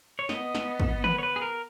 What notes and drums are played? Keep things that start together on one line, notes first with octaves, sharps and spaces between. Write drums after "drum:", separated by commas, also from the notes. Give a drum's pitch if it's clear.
C#5
B3 D#5, drum: snare
drum: snare
drum: kick
B4, drum: tom
C#5
B4
G#4
A#4